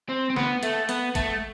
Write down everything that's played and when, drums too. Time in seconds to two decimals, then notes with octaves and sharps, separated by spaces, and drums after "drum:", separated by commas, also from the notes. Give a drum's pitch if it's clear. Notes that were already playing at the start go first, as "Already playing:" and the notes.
0.09 C4
0.30 C4
0.36 B3, drum: snare
0.63 A3, drum: hi-hat
0.89 B3, drum: hi-hat
1.15 A3, drum: kick, hi-hat